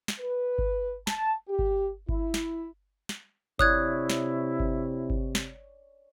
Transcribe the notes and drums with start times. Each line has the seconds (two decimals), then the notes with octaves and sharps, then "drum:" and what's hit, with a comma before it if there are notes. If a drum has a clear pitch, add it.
0.08 drum: snare
0.20 B4
0.58 drum: kick G1
1.07 A5, drum: snare
1.48 G4
1.59 drum: kick G1
2.09 E4, drum: kick G1
2.34 drum: snare
3.09 drum: snare
3.59 C3 E4 C#5 D5 D#6 F#6 G#6, drum: kick G1
4.10 drum: snare
4.60 drum: kick G1
5.10 drum: kick G1
5.35 drum: snare